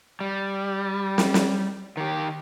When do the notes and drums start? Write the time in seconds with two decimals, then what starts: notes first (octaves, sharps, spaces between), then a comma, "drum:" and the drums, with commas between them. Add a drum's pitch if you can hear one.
0.21 G3
1.18 drum: snare
1.34 drum: snare
1.97 D#3 G4